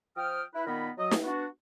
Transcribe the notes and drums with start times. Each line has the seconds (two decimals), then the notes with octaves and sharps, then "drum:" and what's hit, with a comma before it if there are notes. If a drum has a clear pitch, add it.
0.16 F3 G5 D#6 F6
0.54 E4 B4
0.66 A#2 D#3 B3 A#4 B5
0.98 F#3 D#5
1.11 drum: snare
1.24 B3 D4 F#4